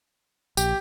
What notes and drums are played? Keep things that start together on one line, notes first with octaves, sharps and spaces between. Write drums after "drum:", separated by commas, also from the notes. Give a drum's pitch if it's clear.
A#1 G4, drum: tambourine